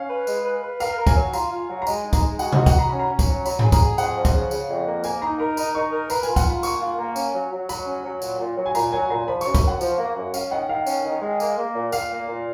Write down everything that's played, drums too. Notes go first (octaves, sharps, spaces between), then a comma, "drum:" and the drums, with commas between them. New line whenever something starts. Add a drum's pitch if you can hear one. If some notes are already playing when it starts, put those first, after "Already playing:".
Already playing: C#4 F5
B4
G#3, drum: tambourine
B4
B4
A#4 F5, drum: tambourine
A#4
G#5, drum: kick, tambourine
F#3
F4 A#5, drum: tambourine
F4
F#3
A#5
G#3 B5, drum: tambourine
D#4
A#5, drum: kick, tambourine
G#3
F#4 F#5, drum: tambourine
D#5, drum: tom C3
F#4
F#5, drum: kick, tambourine
F#4 A#5
C#4 B5
A#5
C#4
drum: kick, tambourine
F#3
F#3 B5, drum: tambourine
B5, drum: tom G#2
G#4
A#5, drum: kick, tambourine
G#4
F2 F#5, drum: tambourine
F3
drum: kick, tambourine
C#3
C#3, drum: tambourine
F2
A#3
A#3 G#5, drum: tambourine
D#4 A#5
A#4 B5
D#4 B5, drum: tambourine
D#4 C#6
A#4
B4 A#5, drum: tambourine
G#5, drum: tambourine
F4
F#5, drum: kick, tambourine
F4 B5
A#3 C#6, drum: tambourine
F4
A#3
C#4, drum: tambourine
F#3
F#3
F#3 B5, drum: tambourine
C#4
F#3
A#2, drum: tambourine
A#2
F#3
G#5
A#2 A#5, drum: tambourine
F#3 G#5
A#2 A#5
F3 B5
C#6, drum: tambourine
F#2
B5, drum: kick, tambourine
F#2 F#5
F3, drum: tambourine
A#3
F#2
C#4 F5, drum: tambourine
D#3 F#5
D#3 F5
C#4, drum: tambourine
D#3
G#3
A#3, drum: tambourine
A#3
A#2
A#2 F5, drum: tambourine
A#3
A#2